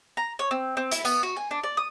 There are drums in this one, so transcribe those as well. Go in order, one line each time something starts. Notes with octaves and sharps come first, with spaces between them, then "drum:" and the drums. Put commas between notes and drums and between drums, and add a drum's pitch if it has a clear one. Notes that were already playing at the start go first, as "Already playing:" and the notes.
A#5
C#5
C4
C4
E4, drum: hi-hat
B3, drum: tambourine
F#4
G#5
D4
D5
D#6